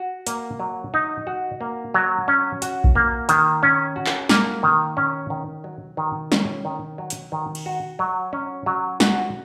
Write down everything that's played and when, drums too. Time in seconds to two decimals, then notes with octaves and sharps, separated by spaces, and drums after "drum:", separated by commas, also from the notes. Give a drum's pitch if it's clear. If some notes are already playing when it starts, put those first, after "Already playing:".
Already playing: F#4
0.27 A#3, drum: hi-hat
0.60 F#3
0.94 D#4
1.27 F#4
1.61 A#3
1.94 F#3
2.28 C#4
2.62 F#4, drum: hi-hat
2.84 drum: kick A#1
2.95 A#3
3.29 D#3, drum: hi-hat
3.63 C#4
3.96 F#4
4.06 drum: clap
4.29 A#3, drum: snare
4.63 D#3
4.97 C#4
5.30 D#3
5.64 F#3
5.97 D#3
6.32 C#4, drum: snare
6.65 D#3
6.98 F#3
7.10 drum: hi-hat
7.32 D#3
7.55 drum: cymbal
7.66 F#4
7.99 F#3
8.33 C#4
8.66 F#3
9.00 F#4, drum: snare